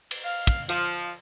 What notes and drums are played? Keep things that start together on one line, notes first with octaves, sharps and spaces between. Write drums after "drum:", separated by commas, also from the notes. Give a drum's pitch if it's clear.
drum: cymbal
F5
drum: kick
F3, drum: hi-hat